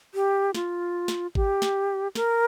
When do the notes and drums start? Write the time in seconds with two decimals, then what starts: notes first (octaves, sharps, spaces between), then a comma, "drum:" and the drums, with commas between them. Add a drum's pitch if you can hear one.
0.14 G4
0.54 F4, drum: snare
1.08 drum: snare
1.35 G4, drum: kick G#1
1.62 drum: snare
2.15 A#4, drum: snare